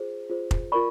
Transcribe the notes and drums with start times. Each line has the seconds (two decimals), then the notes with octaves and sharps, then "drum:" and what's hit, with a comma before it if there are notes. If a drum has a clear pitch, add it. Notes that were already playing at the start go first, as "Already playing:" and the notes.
Already playing: F4 G#4 C5
0.30 F4 G#4 C5
0.51 drum: kick F1
0.72 F4 A#4 D5 B5 C#6